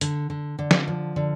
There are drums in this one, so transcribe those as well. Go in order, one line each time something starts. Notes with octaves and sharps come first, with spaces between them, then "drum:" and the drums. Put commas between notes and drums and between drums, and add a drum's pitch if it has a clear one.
D3, drum: hi-hat
D3
D3
drum: snare
F3
D3